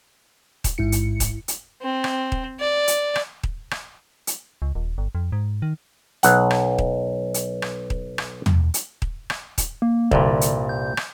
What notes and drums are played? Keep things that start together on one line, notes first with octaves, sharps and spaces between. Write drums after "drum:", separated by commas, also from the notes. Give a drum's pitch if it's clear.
drum: kick D#1, hi-hat
A1 G#2 E4 C#7
drum: hi-hat
drum: kick D#1, hi-hat
drum: hi-hat
C4
drum: rim click
drum: kick D#1
D5
drum: hi-hat
drum: rim click
drum: kick D#1
drum: rim click
drum: hi-hat
C#2
D#1
G1
F2
G#2
D#3
B1 F#5, drum: hi-hat
drum: rim click
drum: kick D#1
drum: hi-hat
drum: rim click
drum: kick D#1
drum: rim click
drum: tom
drum: hi-hat
drum: kick D#1
drum: rim click
drum: kick D#1, hi-hat
A#3
C2 G2 A#2 D3, drum: kick D#1
drum: hi-hat
G6
drum: rim click